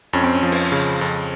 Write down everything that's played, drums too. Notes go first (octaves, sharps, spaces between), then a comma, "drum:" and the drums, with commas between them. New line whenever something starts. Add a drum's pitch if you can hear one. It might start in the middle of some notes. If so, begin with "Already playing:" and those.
F2 C#4
C4
C#4
F3
drum: open hi-hat
C#3
F2